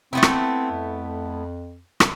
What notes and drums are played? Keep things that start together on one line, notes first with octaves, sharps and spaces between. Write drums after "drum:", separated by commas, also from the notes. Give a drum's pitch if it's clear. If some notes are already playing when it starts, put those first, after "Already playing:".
A3 B3 C4 E4
drum: rim click
F2
drum: rim click